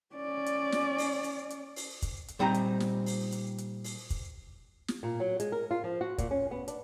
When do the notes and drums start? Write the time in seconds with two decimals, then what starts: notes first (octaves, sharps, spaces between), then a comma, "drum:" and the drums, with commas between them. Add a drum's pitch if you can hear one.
0.15 C#4 D5
0.46 drum: hi-hat
0.72 drum: snare
0.98 drum: open hi-hat
1.24 drum: hi-hat
1.50 drum: hi-hat
1.76 drum: open hi-hat
2.02 drum: kick, hi-hat
2.28 drum: hi-hat
2.39 A#2 G3 C4 D#4 A#5
2.54 drum: hi-hat
2.80 drum: snare
3.06 drum: open hi-hat
3.32 drum: hi-hat
3.58 drum: hi-hat
3.84 drum: open hi-hat
4.10 drum: kick, hi-hat
4.88 drum: snare
5.03 A#2
5.20 F#3
5.40 G#3, drum: hi-hat
5.52 A#4
5.71 F4
5.84 F3
6.01 F#4
6.18 A#2, drum: kick, hi-hat
6.31 C#4
6.51 B3
6.68 D4, drum: hi-hat